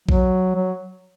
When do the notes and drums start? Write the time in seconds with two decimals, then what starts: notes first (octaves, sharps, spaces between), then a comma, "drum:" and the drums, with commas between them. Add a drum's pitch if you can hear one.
0.09 F#3, drum: kick A#1
0.56 F#3